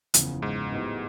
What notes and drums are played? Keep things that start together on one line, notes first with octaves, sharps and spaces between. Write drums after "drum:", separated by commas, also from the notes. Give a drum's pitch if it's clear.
F#1 E2 C#3 F3, drum: hi-hat
G#2
A2 F#3 B3 D#4 G4